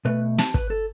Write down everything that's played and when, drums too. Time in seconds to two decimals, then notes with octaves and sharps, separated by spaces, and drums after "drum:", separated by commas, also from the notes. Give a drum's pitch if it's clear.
0.05 B2 A3 B4
0.38 A5, drum: snare
0.54 B4, drum: kick
0.70 A4